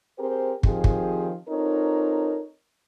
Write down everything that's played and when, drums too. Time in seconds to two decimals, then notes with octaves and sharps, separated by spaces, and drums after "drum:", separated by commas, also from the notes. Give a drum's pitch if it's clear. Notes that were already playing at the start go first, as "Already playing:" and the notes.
0.19 C4 G4 G#4 A#4 C5
0.63 D#3 F3 C4 F4 G4 G#4, drum: kick
0.84 drum: kick
1.48 C4 D#4 F4 A4 A#4 C#5